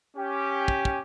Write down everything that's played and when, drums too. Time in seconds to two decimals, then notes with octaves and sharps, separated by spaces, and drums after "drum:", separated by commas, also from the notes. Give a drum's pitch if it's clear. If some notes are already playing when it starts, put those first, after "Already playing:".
0.17 C#4 G4
0.68 drum: kick
0.85 drum: kick